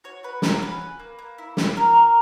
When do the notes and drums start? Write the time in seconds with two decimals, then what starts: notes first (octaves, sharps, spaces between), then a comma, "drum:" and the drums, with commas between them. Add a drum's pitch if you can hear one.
0.04 F#4 C#5
0.23 F#4 B4
0.42 F#4 A#4, drum: snare
0.61 C#4 B4
0.82 C#4
0.99 A#3
1.19 A#3
1.38 E4
1.57 E4, drum: snare
1.76 A#3 A#4
1.96 A#3